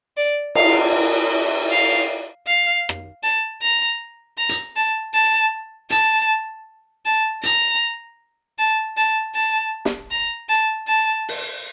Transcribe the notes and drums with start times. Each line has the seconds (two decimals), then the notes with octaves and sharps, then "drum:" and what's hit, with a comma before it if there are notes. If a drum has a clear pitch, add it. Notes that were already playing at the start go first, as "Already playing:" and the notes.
0.17 D5
0.55 F5, drum: cymbal
1.71 F5
2.47 F5
2.89 drum: rim click
3.23 A5
3.62 A#5
4.38 A#5
4.49 drum: hi-hat
4.76 A5
5.14 A5
5.90 A5, drum: hi-hat
7.05 A5
7.43 A#5, drum: hi-hat
8.58 A5
8.97 A5
9.35 A5
9.85 drum: snare
10.11 A#5
10.49 A5
10.87 A5
11.28 drum: open hi-hat